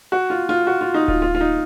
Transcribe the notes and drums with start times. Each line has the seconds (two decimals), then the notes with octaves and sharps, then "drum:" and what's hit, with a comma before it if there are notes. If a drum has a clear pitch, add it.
0.12 F#4
0.30 F4
0.49 F4
0.67 F#4
0.81 F4
0.94 D#4
1.08 F4, drum: kick D1
1.22 F4
1.35 F4
1.41 D#4